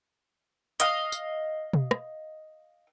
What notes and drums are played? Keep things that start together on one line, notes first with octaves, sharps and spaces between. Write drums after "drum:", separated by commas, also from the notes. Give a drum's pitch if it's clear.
D#5 F5, drum: hi-hat
drum: tambourine
drum: tom B2
drum: rim click